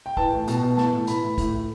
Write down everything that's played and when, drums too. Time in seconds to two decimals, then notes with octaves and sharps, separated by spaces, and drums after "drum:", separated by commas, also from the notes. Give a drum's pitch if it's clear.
0.06 G5
0.17 E3 A5, drum: kick
0.32 A2
0.47 B2 A5, drum: hi-hat
0.63 B2
0.77 E3 A5, drum: snare
0.93 A2
1.07 E3 B5, drum: hi-hat
1.23 A2
1.38 A2, drum: kick, hi-hat
1.53 A2